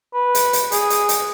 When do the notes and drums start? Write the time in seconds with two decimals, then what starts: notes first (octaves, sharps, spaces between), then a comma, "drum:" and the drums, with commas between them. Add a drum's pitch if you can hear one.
0.14 B4
0.35 drum: hi-hat
0.53 drum: hi-hat
0.72 G#4, drum: hi-hat
0.90 drum: hi-hat
1.09 drum: hi-hat